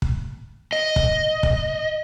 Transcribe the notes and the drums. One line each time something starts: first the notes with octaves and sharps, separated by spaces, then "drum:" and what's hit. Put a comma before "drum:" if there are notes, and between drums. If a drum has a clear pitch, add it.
drum: kick
D#5
drum: kick
drum: kick